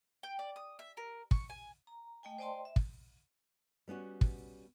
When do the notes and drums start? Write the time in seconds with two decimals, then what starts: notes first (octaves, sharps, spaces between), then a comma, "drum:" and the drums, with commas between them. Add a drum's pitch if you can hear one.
0.23 G5
0.39 D5
0.56 D#6
0.79 E5
0.97 A#4
1.31 C#6, drum: kick
1.50 G#5
1.87 A#5
2.23 A3 D#5 G5 G#5
2.38 C5 D5 D#5 G5 A5 C6
2.65 E5
2.76 drum: kick
3.88 G3 B3 C#4 F#4
4.21 drum: kick